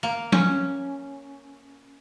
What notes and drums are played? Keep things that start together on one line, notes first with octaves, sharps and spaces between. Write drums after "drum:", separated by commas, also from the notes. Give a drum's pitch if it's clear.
A#3
C#4, drum: tom F3